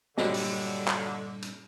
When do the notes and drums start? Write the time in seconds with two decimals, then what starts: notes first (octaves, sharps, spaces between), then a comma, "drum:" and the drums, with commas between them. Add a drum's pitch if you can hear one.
0.18 G2 A#2 D3 F#3 G3 D#5 A5, drum: snare
0.34 drum: open hi-hat
0.88 drum: clap
1.42 drum: hi-hat